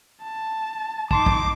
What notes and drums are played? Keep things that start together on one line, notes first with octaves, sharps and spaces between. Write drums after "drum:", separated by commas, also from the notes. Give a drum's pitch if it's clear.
A5
D#4 A5 C6 D6 C7, drum: kick
drum: kick